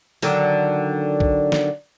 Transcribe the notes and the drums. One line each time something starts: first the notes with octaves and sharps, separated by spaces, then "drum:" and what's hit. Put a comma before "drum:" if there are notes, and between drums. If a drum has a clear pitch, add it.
D3 D#3 F#3, drum: open hi-hat
drum: kick B1
drum: snare